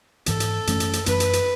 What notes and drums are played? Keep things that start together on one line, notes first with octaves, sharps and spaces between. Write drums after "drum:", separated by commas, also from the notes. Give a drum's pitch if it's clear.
G#2 E3 B3 A4, drum: hi-hat
drum: hi-hat
F#2 E3 A3 C#4, drum: hi-hat
drum: hi-hat
drum: hi-hat
F#2 E3 A3 C#4 B4, drum: hi-hat
drum: hi-hat
drum: hi-hat